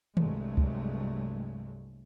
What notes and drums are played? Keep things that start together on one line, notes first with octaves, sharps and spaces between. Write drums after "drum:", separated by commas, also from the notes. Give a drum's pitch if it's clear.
C2 G2 F#3 G#3 A3, drum: tom D#3
drum: kick C#2